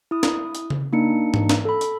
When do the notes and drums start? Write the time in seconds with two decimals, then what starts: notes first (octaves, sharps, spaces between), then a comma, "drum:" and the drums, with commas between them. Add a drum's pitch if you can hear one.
0.11 E4 D#6
0.23 drum: snare
0.55 drum: hi-hat
0.70 drum: tom C#3
0.93 A#3 D4 D#4 C#7
1.34 drum: tom G#2
1.49 drum: snare
1.65 A4 B5
1.81 drum: hi-hat